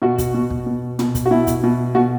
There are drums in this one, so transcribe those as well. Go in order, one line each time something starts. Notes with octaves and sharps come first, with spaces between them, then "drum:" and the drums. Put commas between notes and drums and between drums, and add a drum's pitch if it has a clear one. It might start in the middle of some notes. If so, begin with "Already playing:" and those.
B2 F#4
drum: kick, hi-hat
B2
drum: kick
B2
B2, drum: tom
drum: kick, hi-hat
F#4
B2 E4
drum: kick, hi-hat
B2
B2 F#4